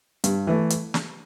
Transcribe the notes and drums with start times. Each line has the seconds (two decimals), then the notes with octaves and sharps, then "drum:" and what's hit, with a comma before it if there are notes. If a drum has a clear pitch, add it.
0.24 G2, drum: hi-hat
0.47 E3 A3
0.70 drum: hi-hat
0.94 drum: snare